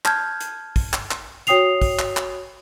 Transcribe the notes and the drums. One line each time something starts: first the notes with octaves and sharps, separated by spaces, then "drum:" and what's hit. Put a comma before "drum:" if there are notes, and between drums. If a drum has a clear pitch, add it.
A5 F6 G6 G#6, drum: clap
drum: hi-hat
drum: kick, open hi-hat
drum: clap
drum: clap
F#4 C#5 G5 D#6 C7 F7, drum: hi-hat
drum: kick, open hi-hat
drum: clap
drum: clap